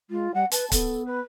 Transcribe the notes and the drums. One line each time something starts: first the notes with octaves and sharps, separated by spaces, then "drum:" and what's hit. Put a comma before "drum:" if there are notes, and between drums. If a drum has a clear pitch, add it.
G#3 F4
G3 F#5
B4 A5, drum: hi-hat
B3 A4, drum: kick C#1, hi-hat
B4